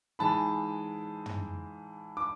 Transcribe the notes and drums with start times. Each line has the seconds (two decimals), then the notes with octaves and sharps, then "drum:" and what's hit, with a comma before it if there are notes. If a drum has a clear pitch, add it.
0.19 G#2 E3 G#3 A5 B5
1.26 drum: tom
2.17 D6